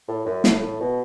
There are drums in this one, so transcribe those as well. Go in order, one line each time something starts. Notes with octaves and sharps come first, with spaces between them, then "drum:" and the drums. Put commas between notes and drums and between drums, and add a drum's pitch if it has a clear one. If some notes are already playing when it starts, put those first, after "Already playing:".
A2
F#2
A2, drum: snare
A2
B2